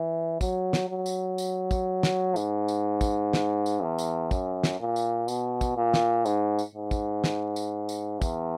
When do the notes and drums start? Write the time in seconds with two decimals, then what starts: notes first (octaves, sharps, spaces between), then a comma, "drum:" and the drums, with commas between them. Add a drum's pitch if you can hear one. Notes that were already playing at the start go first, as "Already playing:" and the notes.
Already playing: E3
0.41 F#3, drum: kick, tambourine
0.73 drum: snare
0.89 F#3
1.06 drum: tambourine
1.38 drum: tambourine
1.71 drum: kick, tambourine
2.03 drum: snare
2.36 G#2, drum: tambourine
2.68 drum: tambourine
3.01 drum: kick, tambourine
3.33 drum: snare
3.66 drum: tambourine
3.82 E2
3.98 drum: tambourine
4.31 F#2, drum: kick, tambourine
4.64 drum: snare
4.80 A#2
4.96 drum: tambourine
5.28 B2, drum: tambourine
5.61 drum: kick, tambourine
5.77 A#2
5.94 drum: snare
6.26 G#2, drum: tambourine
6.59 drum: tambourine
6.75 G#2
6.91 drum: kick, tambourine
7.24 drum: snare
7.56 drum: tambourine
7.89 drum: tambourine
8.22 E2, drum: kick, tambourine